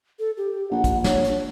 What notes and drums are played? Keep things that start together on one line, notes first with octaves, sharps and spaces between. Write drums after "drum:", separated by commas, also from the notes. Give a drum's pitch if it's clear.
A4
G4
A#1 F#5
drum: kick, hi-hat
C#5, drum: snare
drum: hi-hat